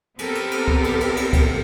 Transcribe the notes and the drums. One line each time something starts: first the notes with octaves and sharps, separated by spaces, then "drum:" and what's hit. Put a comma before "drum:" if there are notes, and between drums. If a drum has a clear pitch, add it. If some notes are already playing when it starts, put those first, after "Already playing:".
B3 C4 G4 A4 A#4, drum: cymbal
drum: cymbal
drum: cymbal
drum: kick
drum: cymbal
drum: cymbal
drum: cymbal
drum: kick, cymbal